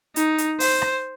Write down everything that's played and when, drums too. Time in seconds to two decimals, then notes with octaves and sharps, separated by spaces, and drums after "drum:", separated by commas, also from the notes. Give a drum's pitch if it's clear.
0.16 D#4, drum: hi-hat
0.38 drum: hi-hat
0.60 C5, drum: open hi-hat
0.82 drum: rim click